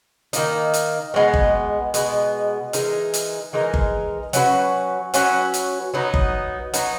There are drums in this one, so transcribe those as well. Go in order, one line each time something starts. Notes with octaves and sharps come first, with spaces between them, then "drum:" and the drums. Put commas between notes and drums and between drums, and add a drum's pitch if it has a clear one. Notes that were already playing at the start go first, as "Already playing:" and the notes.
D#3 A#3 D#4, drum: hi-hat
drum: hi-hat
B2 G#3 B3
drum: kick G1
B2 G#3 B3, drum: hi-hat
E3 G#3 D#4 A#4, drum: hi-hat
drum: hi-hat
E3 G#3 D#4 A#4
drum: kick G1
F#3 C#4 F#4 B4, drum: hi-hat
F#3 C#4 F#4 B4, drum: hi-hat
drum: hi-hat
F#3 B3 D#4
drum: kick G1
F#3 B3 D#4, drum: hi-hat